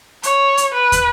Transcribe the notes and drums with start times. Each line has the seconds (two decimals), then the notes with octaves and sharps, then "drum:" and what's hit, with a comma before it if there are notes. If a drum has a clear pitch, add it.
0.23 C#5, drum: hi-hat
0.57 drum: hi-hat
0.75 B4
0.92 drum: kick, hi-hat